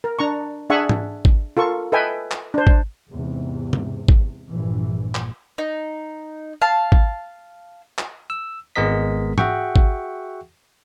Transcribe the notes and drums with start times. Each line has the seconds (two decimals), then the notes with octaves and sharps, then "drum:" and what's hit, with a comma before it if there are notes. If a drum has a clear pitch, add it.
0.04 A#4
0.19 D4 A#5 C#6
0.70 D4 G#4 E5 F#5 G#5 C#6
0.89 drum: tom
1.25 drum: kick
1.57 F4 A4 A#4 C#6
1.92 A4 B4 D#5 E5 G5 G#5
2.31 drum: clap
2.54 D4 C5
2.67 drum: kick
3.11 E2 G#2 C3
3.73 drum: tom C3
4.08 drum: kick
4.50 A#1 G2 E3
5.15 drum: clap
5.58 D#4
6.62 F5 A5
6.92 drum: kick
7.98 drum: clap
8.30 E6
8.76 G#1 G#3 B3 A#4 D#5 B6
9.38 F#4 G#4 E5 F#5 G5 C#6, drum: tom
9.76 drum: kick